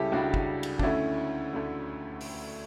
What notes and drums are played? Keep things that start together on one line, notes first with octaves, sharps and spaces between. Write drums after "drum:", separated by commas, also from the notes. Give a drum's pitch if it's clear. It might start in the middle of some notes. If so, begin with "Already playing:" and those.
Already playing: C#2 C#3 G3 C#4 E4 G4 A4
C#2 C#3 G3 D4 F#4
drum: kick
drum: cymbal
D4, drum: kick
D2 D3 A3 C#4 E4
D2 D3 A3
drum: open hi-hat